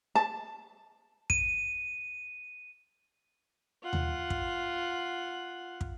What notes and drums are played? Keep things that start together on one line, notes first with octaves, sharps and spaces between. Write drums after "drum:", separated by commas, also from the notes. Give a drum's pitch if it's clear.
A5
D#7, drum: kick
F4 F#5
drum: tom D#2
drum: kick
drum: kick